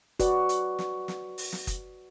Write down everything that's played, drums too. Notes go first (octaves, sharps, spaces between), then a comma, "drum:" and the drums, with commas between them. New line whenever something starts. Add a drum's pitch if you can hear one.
F#4 B4 D5, drum: kick F#1, hi-hat
drum: hi-hat
drum: snare
drum: snare
drum: open hi-hat
drum: snare
drum: kick F#1, hi-hat